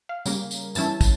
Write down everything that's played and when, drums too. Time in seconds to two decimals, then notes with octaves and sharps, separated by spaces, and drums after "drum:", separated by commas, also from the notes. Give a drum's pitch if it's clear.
0.09 F5
0.26 C#3 G3 A#3, drum: tambourine
0.51 drum: tambourine
0.75 G2 E3 G3 C#4 E4 A5, drum: tambourine
1.01 drum: kick, tambourine